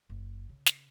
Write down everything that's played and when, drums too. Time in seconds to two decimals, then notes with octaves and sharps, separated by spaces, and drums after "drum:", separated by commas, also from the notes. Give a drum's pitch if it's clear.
0.10 F#1
0.49 C#3
0.66 drum: snare